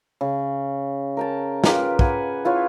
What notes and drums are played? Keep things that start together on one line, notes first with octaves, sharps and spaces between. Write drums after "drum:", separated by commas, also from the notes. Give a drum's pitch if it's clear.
C#3
A#4 G5 A5
F4 G4 A#4 B4, drum: snare
F#5 G#5 B5, drum: kick
E4 F4 B4 C#5